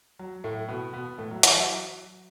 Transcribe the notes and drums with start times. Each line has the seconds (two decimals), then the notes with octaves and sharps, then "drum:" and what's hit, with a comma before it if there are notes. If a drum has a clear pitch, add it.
0.19 F#3
0.44 A2 A3
0.69 B2 B3
0.93 B2 B3
1.18 A2 A3
1.31 F#3
1.43 E3, drum: hi-hat
1.56 F#3